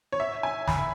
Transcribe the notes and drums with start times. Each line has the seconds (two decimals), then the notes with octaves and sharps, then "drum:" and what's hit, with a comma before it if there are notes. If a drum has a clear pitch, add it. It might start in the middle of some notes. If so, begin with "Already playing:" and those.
0.12 C#5
0.20 E5
0.43 G#5
0.67 B5, drum: snare